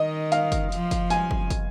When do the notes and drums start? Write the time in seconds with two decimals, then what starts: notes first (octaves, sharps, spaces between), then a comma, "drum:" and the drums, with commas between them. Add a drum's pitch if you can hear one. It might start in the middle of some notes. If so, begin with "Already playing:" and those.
Already playing: D#3 D#5
0.32 F5, drum: hi-hat
0.52 drum: kick, hi-hat
0.72 F3, drum: hi-hat
0.91 drum: kick, hi-hat
1.10 G#5, drum: hi-hat
1.31 drum: kick
1.50 drum: kick, hi-hat